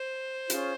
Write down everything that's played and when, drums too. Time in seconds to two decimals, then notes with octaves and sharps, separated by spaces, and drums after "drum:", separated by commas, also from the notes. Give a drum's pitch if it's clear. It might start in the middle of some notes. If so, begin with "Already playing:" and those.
Already playing: C5
0.50 C#4 F4 G#4, drum: hi-hat